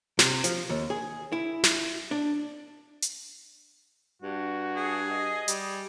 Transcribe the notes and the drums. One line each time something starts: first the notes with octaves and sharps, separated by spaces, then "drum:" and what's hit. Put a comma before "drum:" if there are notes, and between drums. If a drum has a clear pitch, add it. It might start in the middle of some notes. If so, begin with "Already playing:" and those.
C3, drum: snare
F3, drum: hi-hat
D#2
G#4
E4
drum: snare
D4
drum: hi-hat
G2 F#4
G#4
D#5
G3, drum: hi-hat